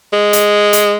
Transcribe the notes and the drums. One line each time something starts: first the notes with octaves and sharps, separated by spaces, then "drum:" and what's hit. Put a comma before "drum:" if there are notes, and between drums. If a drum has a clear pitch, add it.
G#3
drum: hi-hat
drum: hi-hat